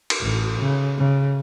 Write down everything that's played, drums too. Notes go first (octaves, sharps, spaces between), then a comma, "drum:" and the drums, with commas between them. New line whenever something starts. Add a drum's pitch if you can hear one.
drum: cymbal
A1
C#3
C#3